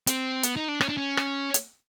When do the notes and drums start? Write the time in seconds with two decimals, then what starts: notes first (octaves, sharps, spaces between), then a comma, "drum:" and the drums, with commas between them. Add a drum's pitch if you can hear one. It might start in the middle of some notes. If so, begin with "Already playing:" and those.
0.07 C4, drum: hi-hat
0.43 B3, drum: hi-hat
0.56 D#4
0.68 D4
0.81 C#4, drum: rim click
0.89 D4
0.97 C#4
1.17 drum: rim click
1.54 drum: hi-hat